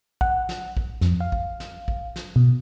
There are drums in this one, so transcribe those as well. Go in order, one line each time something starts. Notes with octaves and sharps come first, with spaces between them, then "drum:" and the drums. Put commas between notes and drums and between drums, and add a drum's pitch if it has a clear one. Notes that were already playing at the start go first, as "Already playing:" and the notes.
F#5, drum: kick A1
drum: snare
drum: kick A1
F2, drum: snare
F5
drum: kick A1
drum: snare
drum: kick A1
drum: snare
B2